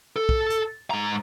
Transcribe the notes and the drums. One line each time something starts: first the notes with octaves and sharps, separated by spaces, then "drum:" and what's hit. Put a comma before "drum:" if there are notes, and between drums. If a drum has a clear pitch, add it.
A4
drum: kick
drum: hi-hat
G#2 A#5